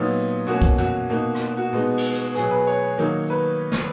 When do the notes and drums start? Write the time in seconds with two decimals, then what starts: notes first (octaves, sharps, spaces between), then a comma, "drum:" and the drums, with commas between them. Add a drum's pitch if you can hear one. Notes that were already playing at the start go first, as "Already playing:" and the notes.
Already playing: A#2 F#3 B3 D#4
0.47 B2 A#3 C#4 F#4
0.62 drum: kick
0.78 F#4, drum: tom
1.10 B2 A#3 D#4
1.35 drum: rim click
1.57 F#4
1.73 B2 G#3 B3 D#4
1.97 drum: cymbal
2.13 drum: hi-hat
2.35 B2 F#3 B3 G#4, drum: hi-hat
2.51 B4
2.67 C#5
2.98 D#3 F#3 A#3 D#4
3.30 B4
3.72 drum: snare